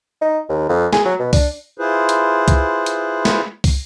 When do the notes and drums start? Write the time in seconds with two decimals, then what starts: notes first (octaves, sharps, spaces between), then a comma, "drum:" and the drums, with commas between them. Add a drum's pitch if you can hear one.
0.21 D#4
0.49 D#2
0.69 F2
0.93 G#4, drum: snare
1.05 F#3
1.19 B2
1.33 D4, drum: kick, open hi-hat
1.78 E4 F4 G#4 B4 C5
2.09 drum: hi-hat
2.48 drum: kick, hi-hat
2.86 drum: hi-hat
3.25 drum: snare
3.64 drum: kick, open hi-hat